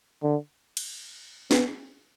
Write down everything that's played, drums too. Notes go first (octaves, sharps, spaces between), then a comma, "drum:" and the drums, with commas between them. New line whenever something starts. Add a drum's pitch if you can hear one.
D3
drum: cymbal
B3, drum: snare